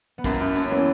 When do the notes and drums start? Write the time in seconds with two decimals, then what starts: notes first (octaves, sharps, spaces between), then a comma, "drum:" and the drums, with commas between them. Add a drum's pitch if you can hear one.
0.18 B3
0.24 F#2 A#3, drum: kick, tambourine
0.40 F#2
0.56 F#2 C#4, drum: tambourine
0.70 E3 B3